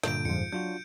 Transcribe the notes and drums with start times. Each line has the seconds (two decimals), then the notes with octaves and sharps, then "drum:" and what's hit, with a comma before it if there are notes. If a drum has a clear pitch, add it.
0.03 G2 A#2 D3 G6 D7, drum: snare
0.25 F2 G#2 F3 C#7 D7
0.52 F#3 D4 F4 F#4 G6